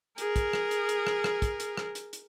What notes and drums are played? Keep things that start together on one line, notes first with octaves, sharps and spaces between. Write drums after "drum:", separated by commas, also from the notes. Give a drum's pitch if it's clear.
G#4 A#4, drum: hi-hat
drum: kick, hi-hat
drum: rim click
drum: hi-hat
drum: hi-hat
drum: rim click
drum: rim click
drum: kick, hi-hat
drum: hi-hat
drum: rim click
drum: hi-hat
drum: hi-hat